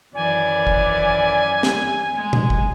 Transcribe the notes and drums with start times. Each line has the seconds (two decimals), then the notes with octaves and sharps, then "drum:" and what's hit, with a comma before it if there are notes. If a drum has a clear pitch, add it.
0.15 F#2 D#3 E3 D5 G#5
0.67 drum: kick
1.63 drum: snare
2.15 G#3
2.33 drum: tom A#2
2.50 drum: kick